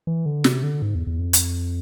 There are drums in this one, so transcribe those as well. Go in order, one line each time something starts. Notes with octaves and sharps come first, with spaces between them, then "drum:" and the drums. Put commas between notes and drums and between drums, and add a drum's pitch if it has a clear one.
E3
D3
C3, drum: snare
D3
G#2
E2
E2
F2
drum: hi-hat